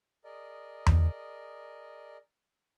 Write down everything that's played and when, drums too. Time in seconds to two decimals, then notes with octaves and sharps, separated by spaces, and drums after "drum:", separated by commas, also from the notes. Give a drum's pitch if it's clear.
0.24 G#4 A#4 D5 D#5
0.86 drum: tom E2